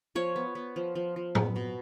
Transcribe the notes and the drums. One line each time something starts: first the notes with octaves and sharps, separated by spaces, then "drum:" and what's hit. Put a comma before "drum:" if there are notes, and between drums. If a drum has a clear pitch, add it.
F3 C#5
B3
B3
F3
F3
F3
B3, drum: tom A2
B2